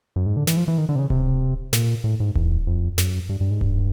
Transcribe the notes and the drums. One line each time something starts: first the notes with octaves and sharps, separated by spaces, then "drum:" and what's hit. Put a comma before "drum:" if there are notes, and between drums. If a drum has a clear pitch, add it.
F#2
G#2
D3
E3, drum: snare
F3
E3
D#3
D3
C3
C#3
C3, drum: kick D1
A#2, drum: snare
A2
G#2
E2, drum: kick D1
F2
F#2, drum: snare
G2
G2
G#2
G2, drum: kick D1